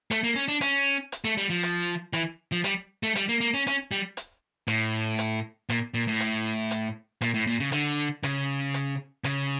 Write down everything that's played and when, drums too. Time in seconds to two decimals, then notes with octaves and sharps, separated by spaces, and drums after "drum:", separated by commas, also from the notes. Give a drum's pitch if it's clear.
0.11 A3, drum: hi-hat
0.23 A#3
0.36 C#4
0.48 D4
0.61 C#4, drum: hi-hat
1.12 drum: hi-hat
1.25 A3
1.37 G3
1.50 F3
1.63 drum: hi-hat
2.13 E3, drum: hi-hat
2.52 F3
2.64 G3, drum: hi-hat
3.03 A3
3.15 G3, drum: hi-hat
3.29 A#3
3.41 A#3
3.54 C#4
3.67 C#4, drum: hi-hat
3.91 G3
4.17 drum: hi-hat
4.67 A2, drum: hi-hat
5.19 drum: hi-hat
5.69 A#2, drum: hi-hat
5.94 A#2
6.07 A2
6.20 drum: hi-hat
6.71 drum: hi-hat
7.21 A#2, drum: hi-hat
7.34 A2
7.47 A#2
7.60 C#3
7.72 D3, drum: hi-hat
8.23 C#3, drum: hi-hat
8.74 drum: hi-hat
9.24 C#3, drum: hi-hat